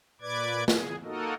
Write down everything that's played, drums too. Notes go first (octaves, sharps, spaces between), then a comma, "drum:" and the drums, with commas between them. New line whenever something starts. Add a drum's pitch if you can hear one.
A#2 B4 D5 D6 G#6
G#4, drum: snare
A#3 D#4 F#4 A4 A#4 D#5